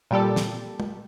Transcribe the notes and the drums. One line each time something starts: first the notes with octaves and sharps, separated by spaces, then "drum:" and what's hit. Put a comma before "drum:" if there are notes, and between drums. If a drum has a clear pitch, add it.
A#2 G3 G4 A4
drum: snare
drum: tom